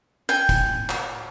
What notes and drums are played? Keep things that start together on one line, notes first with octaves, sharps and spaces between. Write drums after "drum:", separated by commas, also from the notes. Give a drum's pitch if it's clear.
G5 G#5
drum: kick, hi-hat
drum: clap